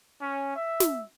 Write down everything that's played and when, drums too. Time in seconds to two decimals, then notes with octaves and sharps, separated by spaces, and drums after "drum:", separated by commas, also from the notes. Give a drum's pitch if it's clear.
0.21 C#4
0.56 E5
0.80 drum: snare